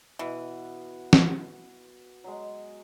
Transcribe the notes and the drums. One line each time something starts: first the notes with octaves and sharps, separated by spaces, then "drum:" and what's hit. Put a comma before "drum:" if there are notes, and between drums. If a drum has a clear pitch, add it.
B2 E3 F#5
drum: snare
F#3 G#3